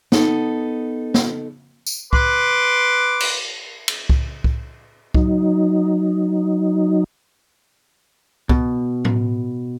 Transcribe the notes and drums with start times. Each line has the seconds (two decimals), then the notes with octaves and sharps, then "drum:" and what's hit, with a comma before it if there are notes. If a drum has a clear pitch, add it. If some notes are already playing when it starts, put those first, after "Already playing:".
0.12 B3 D#4 A4, drum: snare
1.14 drum: snare
1.87 drum: tambourine
2.13 B4 C6 D6, drum: kick C2
3.20 drum: cymbal
3.88 drum: cymbal
4.09 drum: kick C2
4.44 drum: kick C2
5.14 F#3 D#4, drum: kick C2
8.49 B2, drum: kick C2
9.05 drum: tom A2